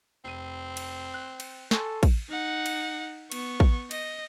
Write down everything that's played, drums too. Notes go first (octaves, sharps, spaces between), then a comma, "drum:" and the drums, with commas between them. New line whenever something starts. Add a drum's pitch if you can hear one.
F1 C4 D#7
drum: cymbal
F#6
drum: cymbal
A4 G#5 C6 C#6, drum: snare
drum: kick, cymbal
D#4 F#5
drum: cymbal
B3 C#6, drum: cymbal
drum: kick
D#5, drum: cymbal